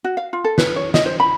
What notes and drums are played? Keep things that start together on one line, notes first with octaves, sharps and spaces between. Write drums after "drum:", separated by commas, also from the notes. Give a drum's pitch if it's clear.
F#4
F5
F4
A4
B4, drum: snare
C#5
D#5, drum: snare
C5
B5